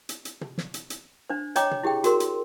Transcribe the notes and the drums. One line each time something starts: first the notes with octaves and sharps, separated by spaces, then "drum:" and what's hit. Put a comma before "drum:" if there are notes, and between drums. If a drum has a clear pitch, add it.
drum: hi-hat
drum: hi-hat
drum: tom
drum: snare
drum: hi-hat
drum: hi-hat
D4 C5
C#5 D#5 G5 A#5 D6, drum: hi-hat
drum: tom
E4 G4 G#4 G5
F#4 G#4 A#4 C6, drum: hi-hat
drum: hi-hat